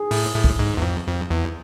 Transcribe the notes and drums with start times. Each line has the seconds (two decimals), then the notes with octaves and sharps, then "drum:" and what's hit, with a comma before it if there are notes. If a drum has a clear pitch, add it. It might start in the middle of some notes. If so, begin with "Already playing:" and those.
Already playing: G#4
0.11 A2, drum: open hi-hat
0.35 A2
0.44 drum: kick
0.59 G#2
0.77 E2
0.82 F2
1.07 F2
1.30 E2